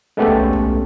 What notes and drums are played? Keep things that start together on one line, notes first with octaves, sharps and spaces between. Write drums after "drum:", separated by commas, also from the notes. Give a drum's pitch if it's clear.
G#3 A3 B3 C#4 G4 A4
drum: kick B1
drum: kick B1